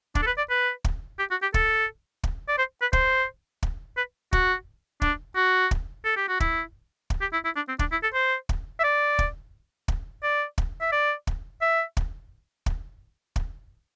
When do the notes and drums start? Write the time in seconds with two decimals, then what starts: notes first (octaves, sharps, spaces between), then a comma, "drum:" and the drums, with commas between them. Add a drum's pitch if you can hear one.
0.15 D4, drum: kick
0.22 A4
0.26 B4
0.38 D5
0.50 B4
0.84 drum: kick
1.19 G4
1.31 F#4
1.42 G4
1.54 A4, drum: kick
2.24 drum: kick
2.48 D5
2.58 C5
2.82 B4
2.93 C5, drum: kick
3.63 drum: kick
3.97 B4
4.33 F#4, drum: kick
5.02 D4, drum: kick
5.36 F#4
5.71 drum: kick
6.05 A4
6.17 G4
6.29 F#4
6.40 E4, drum: kick
7.10 drum: kick
7.21 G4
7.33 E4
7.45 E4
7.56 D4
7.68 C4
7.79 D4, drum: kick
7.92 E4
8.03 A4
8.14 C5
8.49 drum: kick
8.79 E5
8.84 D5
9.19 drum: kick
9.88 drum: kick
10.23 D5
10.58 drum: kick
10.81 E5
10.92 D5
11.27 drum: kick
11.61 E5
11.97 drum: kick
12.66 drum: kick
13.36 drum: kick